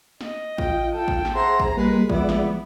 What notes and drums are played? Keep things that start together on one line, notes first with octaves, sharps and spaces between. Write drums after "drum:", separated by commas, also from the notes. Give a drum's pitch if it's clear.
D#5, drum: snare
F4 G5, drum: kick A1
A4 G5
drum: kick A1
drum: snare
G#4 C5 E5 F#5 A#5 C6
drum: kick A1
G3 G#3 A#3 B4
F3 G#3 B3 E4 D5, drum: kick A1
drum: snare